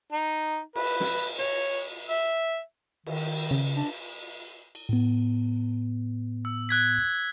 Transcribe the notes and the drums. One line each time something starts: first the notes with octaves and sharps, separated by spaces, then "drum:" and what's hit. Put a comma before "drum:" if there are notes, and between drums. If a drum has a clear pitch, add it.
D#4
B4, drum: cymbal
drum: snare
C#5, drum: hi-hat
E5
D#3, drum: cymbal
C#3
D4
drum: cymbal
A2 B3
E6
F#6 G#6 B6